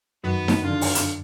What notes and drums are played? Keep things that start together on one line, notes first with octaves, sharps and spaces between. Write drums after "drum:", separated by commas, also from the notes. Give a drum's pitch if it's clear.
F#2 D#3 B3 F#4 B4
drum: snare D#4
D3 F4
drum: open hi-hat
drum: hi-hat